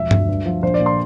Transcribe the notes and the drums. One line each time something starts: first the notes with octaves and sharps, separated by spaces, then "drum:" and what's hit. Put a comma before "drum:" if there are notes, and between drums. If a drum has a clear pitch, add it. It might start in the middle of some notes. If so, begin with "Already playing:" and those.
Already playing: E1 F3 E5
D2, drum: tom G2
G2
F3
A#1 C5
D5
A#2
C6